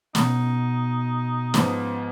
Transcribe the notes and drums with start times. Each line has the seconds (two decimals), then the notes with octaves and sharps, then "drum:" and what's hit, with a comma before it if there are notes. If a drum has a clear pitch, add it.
0.15 B2 D#4, drum: snare
1.54 G#2 F3 B3, drum: snare